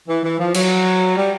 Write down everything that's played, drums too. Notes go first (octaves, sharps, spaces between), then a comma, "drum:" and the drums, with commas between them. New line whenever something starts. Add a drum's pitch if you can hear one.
E3
E3
F3
F#3, drum: cymbal
G3